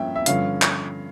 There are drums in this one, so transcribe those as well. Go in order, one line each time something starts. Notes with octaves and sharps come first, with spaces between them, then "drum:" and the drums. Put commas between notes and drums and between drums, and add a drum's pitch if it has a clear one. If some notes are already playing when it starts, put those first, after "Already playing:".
Already playing: G2 F3 A#3 C#4 E5 G5
E5
G2 D3 F3 C#4 F5, drum: hi-hat
drum: clap